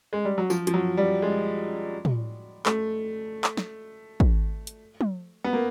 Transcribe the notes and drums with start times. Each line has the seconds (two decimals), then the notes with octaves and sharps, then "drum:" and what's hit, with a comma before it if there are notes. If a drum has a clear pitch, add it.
0.13 G#3
0.25 G3
0.38 F#3
0.50 F3, drum: tambourine
0.67 F3, drum: hi-hat
0.74 F#3
0.97 G3
1.22 G#3
2.05 drum: tom
2.66 A3, drum: clap
3.44 drum: clap
3.57 drum: snare
4.20 drum: kick
4.67 drum: hi-hat
5.01 drum: tom
5.44 B3
5.53 A#3